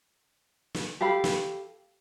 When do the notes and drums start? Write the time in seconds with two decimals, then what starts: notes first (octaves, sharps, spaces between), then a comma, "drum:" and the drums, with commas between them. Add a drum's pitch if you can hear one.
0.75 drum: snare
1.01 G4 A4 F5 B5
1.24 drum: snare